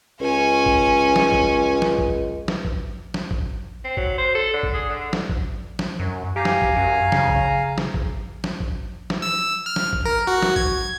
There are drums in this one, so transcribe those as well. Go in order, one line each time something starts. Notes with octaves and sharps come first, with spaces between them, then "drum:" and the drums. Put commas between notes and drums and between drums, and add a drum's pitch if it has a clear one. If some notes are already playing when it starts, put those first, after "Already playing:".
C#2 C#4 G#5
drum: kick G#1
drum: snare
drum: kick G#1
drum: snare
drum: kick G#1
drum: snare
drum: kick G#1
drum: snare
drum: kick G#1
C4
F#3, drum: kick G#1
C5
A4
D3
drum: kick G#1
G#4
D3
drum: snare
drum: kick G#1
drum: snare
F#2
G4 F5 G#5 A#5
drum: snare
drum: kick G#1
F#2
C#3, drum: snare
drum: kick G#1
drum: snare
drum: kick G#1
drum: snare
drum: kick G#1
drum: snare
E6
F6
drum: snare
drum: kick G#1
A#4
F#4
drum: snare
G#6, drum: kick G#1